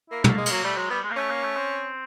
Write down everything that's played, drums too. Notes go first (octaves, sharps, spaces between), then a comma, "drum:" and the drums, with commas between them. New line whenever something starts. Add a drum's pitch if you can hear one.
A#3 E4
A3, drum: tom
A#3
G#3
F#3 A#3, drum: cymbal
G3 A3
F#3 G#3
G3 B3
G#3
A#3
A3 C#4
A#3
A3
C4